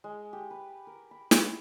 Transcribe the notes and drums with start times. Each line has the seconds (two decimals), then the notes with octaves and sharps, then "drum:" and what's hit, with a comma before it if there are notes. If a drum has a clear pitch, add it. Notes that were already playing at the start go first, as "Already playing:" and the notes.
0.04 G#3
0.33 G4
0.51 B4
0.87 A#4
1.11 B5
1.31 E4, drum: snare